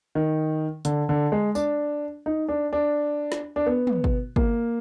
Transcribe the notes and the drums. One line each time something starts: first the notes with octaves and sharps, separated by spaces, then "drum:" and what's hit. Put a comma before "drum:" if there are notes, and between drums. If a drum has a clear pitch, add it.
D#3
D3, drum: hi-hat
D3
G#3
D4, drum: tambourine
D#4
D4
D4
drum: snare
D4
B3
drum: tom
drum: kick
A#3, drum: kick